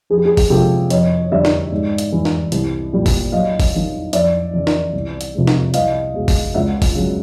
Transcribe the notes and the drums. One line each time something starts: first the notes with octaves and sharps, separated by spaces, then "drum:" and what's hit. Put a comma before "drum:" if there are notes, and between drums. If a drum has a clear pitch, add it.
F2 G#4
G4
G#4
drum: kick G1, open hi-hat
C3 F3 G#3 G4 A4
F2 C#5 D#5, drum: hi-hat
D3 G3 D5 E5
drum: snare
G#2
drum: hi-hat
E3 G3
drum: snare
C2, drum: hi-hat
A#2 G3
drum: kick G1, open hi-hat
F#2 D#5 F5
drum: kick G1, open hi-hat
D#3 G3
F2 D5 E5, drum: hi-hat
C#3 E3
drum: snare
C2
drum: hi-hat
C3 F3 G#3
drum: snare
C2 D#5 F5, drum: hi-hat
B2 G#3
drum: kick G1, open hi-hat
C#2 E5 F#5
drum: kick G1, open hi-hat
C#3 F#3